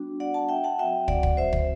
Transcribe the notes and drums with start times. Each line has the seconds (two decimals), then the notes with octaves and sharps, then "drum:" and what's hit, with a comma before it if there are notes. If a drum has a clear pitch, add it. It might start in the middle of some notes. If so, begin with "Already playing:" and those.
Already playing: G3 B3 D4 F#4
0.20 D5 F#5
0.34 F#5 A5
0.49 E5 G5
0.64 F#5 A5
0.78 F#3 C4 F#4 E5 G5
1.08 D5 F#5, drum: kick
1.23 drum: kick
1.37 C5 E5
1.53 drum: kick